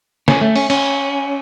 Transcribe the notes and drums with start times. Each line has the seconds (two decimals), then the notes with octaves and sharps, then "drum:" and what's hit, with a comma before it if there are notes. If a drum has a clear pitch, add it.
0.28 C#4, drum: snare
0.41 A3
0.56 C#4, drum: open hi-hat
0.70 C#4, drum: cymbal